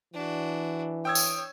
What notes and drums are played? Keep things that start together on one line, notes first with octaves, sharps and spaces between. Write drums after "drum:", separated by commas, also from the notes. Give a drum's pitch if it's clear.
E3 D4 F#4
C#5 G5 D#6 E6 G#6
drum: tambourine